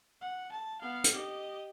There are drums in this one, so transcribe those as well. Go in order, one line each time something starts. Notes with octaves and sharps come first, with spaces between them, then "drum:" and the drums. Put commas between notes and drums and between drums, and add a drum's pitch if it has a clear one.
F#5
A5
B3 F5
drum: hi-hat
G4 D#5